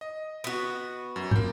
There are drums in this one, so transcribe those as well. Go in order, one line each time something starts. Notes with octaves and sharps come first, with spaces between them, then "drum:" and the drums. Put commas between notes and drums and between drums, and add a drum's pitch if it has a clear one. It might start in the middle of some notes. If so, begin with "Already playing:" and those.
D#5
B3 F#4
F#2
A#3 G6, drum: tom